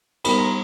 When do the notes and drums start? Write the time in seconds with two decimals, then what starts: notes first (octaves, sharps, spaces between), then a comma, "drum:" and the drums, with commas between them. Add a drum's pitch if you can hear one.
0.24 G3 B3 D#4 G4 A#4 B5, drum: cymbal
0.38 A#5